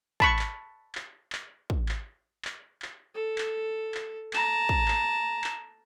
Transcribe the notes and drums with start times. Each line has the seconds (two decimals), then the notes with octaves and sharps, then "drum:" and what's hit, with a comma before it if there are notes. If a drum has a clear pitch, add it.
0.20 A5 B5 C#6, drum: kick
0.39 drum: clap
0.95 drum: clap
1.32 drum: clap
1.70 drum: kick
1.89 drum: clap
2.45 drum: clap
2.82 drum: clap
3.15 A4
3.38 drum: clap
3.94 drum: clap
4.33 A5 A#5, drum: clap
4.69 drum: kick
4.88 drum: clap
5.44 drum: clap